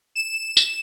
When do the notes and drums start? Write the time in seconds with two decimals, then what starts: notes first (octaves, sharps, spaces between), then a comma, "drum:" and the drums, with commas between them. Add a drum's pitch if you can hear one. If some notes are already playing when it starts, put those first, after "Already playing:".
0.15 E7
0.57 drum: tambourine